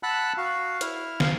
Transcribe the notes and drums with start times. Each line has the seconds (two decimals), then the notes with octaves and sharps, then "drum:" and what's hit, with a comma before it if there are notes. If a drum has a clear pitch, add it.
0.03 F#5 A5 B5 E6 F#6
0.38 F#4 F5
0.81 E4 F6, drum: hi-hat
1.20 F5, drum: snare